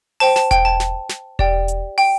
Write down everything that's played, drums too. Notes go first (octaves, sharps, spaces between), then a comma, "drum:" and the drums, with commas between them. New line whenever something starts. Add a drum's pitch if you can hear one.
C5 G5 A5, drum: open hi-hat
A5, drum: snare
G5, drum: kick E1, hi-hat
A5
drum: snare
drum: snare
G4 D5 G5, drum: kick E1
drum: hi-hat
G5, drum: open hi-hat